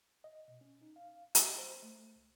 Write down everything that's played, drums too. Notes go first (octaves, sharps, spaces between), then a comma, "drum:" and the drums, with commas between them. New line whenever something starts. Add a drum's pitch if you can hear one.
D#5
B2
C#4
D#4
F5
D#5, drum: hi-hat
C5
A3
C2